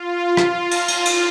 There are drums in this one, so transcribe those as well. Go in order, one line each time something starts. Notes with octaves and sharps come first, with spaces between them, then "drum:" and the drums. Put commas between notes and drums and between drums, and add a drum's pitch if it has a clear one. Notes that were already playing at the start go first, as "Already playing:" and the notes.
Already playing: F4
F4, drum: rim click
drum: cymbal
F4, drum: cymbal
drum: cymbal